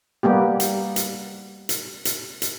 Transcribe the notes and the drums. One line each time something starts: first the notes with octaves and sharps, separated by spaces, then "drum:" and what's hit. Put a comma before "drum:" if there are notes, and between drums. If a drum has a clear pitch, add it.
G3 A#3 B3 G4
drum: hi-hat
drum: hi-hat
drum: hi-hat
drum: hi-hat
drum: hi-hat